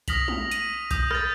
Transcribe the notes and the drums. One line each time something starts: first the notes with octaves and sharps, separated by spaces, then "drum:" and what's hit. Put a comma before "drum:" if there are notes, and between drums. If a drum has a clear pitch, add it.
D#6 F6 A#6 B6 F7 F#7, drum: kick B1, hi-hat
drum: tom
D#7, drum: hi-hat
D#6 G6, drum: kick B1, hi-hat
F6 G6 A6, drum: rim click